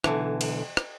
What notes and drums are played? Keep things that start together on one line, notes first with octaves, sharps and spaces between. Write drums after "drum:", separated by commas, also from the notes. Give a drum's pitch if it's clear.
B1 D3 E3, drum: rim click
drum: cymbal
drum: rim click